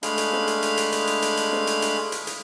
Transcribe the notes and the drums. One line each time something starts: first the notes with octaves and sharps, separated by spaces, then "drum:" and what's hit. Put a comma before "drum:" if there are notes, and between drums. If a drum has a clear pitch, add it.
G#3 A3 D4 F5 B5, drum: hi-hat
drum: hi-hat
drum: snare
drum: hi-hat
drum: hi-hat
drum: hi-hat
drum: hi-hat
drum: hi-hat
drum: hi-hat
drum: hi-hat
drum: snare
drum: hi-hat
drum: hi-hat
drum: hi-hat
drum: hi-hat